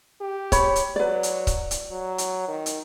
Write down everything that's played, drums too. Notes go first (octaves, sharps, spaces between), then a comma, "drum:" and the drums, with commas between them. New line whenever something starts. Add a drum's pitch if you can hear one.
G4
C#5 B5, drum: kick C#1, hi-hat
drum: hi-hat
F#3 B4 D5
drum: hi-hat
drum: kick C#1, hi-hat
drum: hi-hat
F#3
drum: hi-hat
D#3
drum: hi-hat